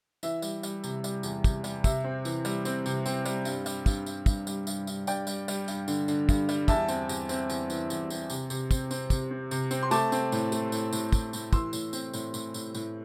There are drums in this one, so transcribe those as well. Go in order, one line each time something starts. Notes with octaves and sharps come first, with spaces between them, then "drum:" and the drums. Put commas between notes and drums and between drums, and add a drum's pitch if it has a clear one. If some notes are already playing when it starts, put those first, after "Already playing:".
E3 E5, drum: tambourine
G3, drum: tambourine
G3, drum: tambourine
C3, drum: tambourine
G3, drum: tambourine
E2, drum: tambourine
C3, drum: kick, tambourine
G3, drum: tambourine
C3 E5, drum: kick, tambourine
C4
E3, drum: tambourine
G3, drum: tambourine
C4, drum: tambourine
C3, drum: tambourine
C4, drum: tambourine
G3, drum: tambourine
G2, drum: tambourine
G3, drum: tambourine
G2, drum: kick, tambourine
G2, drum: tambourine
G2, drum: kick, tambourine
G3, drum: tambourine
G2, drum: tambourine
G2, drum: tambourine
G2 D5 G5, drum: tambourine
G3, drum: tambourine
G3, drum: tambourine
G2, drum: tambourine
D3, drum: tambourine
D3, drum: tambourine
G2, drum: kick, tambourine
G3, drum: tambourine
E2 E5 A5, drum: kick, tambourine
C4, drum: tambourine
E2, drum: tambourine
C4, drum: tambourine
E2, drum: tambourine
E3, drum: tambourine
E2, drum: tambourine
C4, drum: tambourine
C3, drum: tambourine
C3, drum: tambourine
C4, drum: kick, tambourine
C4, drum: tambourine
C3, drum: kick, tambourine
C4
C3, drum: tambourine
C4, drum: tambourine
C6
A3 A5 D6, drum: tambourine
C4, drum: tambourine
A2, drum: tambourine
A3, drum: tambourine
A2, drum: tambourine
A2, drum: tambourine
A2, drum: kick, tambourine
A2, drum: tambourine
E3 C6 E6, drum: kick, tambourine
A2, drum: tambourine
C4, drum: tambourine
A2, drum: tambourine
A2, drum: tambourine
A2, drum: tambourine
A2, drum: tambourine